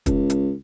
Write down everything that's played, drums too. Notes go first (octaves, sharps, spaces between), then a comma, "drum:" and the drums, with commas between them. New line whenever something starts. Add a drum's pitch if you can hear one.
C#2, drum: kick, hi-hat
drum: hi-hat